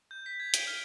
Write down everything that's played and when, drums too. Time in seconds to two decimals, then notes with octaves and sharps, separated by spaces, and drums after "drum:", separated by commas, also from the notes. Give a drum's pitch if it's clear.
0.11 G6
0.26 B6
0.40 G#6
0.54 D7, drum: hi-hat
0.67 F6